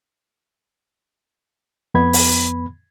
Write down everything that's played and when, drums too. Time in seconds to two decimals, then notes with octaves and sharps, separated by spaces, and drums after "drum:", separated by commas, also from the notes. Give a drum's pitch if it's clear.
1.94 F2 B3 B5 G#6
2.13 drum: open hi-hat